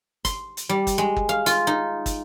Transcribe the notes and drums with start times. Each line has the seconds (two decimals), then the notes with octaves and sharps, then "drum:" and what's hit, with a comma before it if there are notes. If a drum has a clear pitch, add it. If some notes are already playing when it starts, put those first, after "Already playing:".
0.25 C6, drum: kick, hi-hat
0.57 drum: hi-hat
0.69 G3
0.87 drum: kick, hi-hat
0.98 G#3
1.16 drum: kick
1.29 F5
1.46 F4, drum: hi-hat
1.67 D#4
2.06 drum: kick, hi-hat